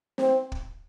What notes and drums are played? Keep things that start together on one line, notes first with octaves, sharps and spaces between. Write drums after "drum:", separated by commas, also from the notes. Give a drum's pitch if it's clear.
C4, drum: snare
drum: kick